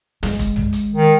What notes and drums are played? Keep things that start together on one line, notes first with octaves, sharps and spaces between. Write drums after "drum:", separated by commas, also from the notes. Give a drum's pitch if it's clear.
G#3, drum: snare
drum: kick, hi-hat
drum: tom
drum: hi-hat
D#3